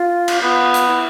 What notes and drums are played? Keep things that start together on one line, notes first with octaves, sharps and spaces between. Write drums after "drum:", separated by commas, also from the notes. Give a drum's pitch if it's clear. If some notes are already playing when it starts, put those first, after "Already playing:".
Already playing: F4
drum: cymbal
B3 F4
drum: hi-hat
E4